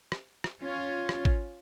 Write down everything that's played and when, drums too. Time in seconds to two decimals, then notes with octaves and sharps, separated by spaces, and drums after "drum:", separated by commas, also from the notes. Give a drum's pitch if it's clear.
0.12 drum: rim click
0.44 drum: rim click
0.60 C#4 F4
1.09 drum: rim click
1.25 drum: kick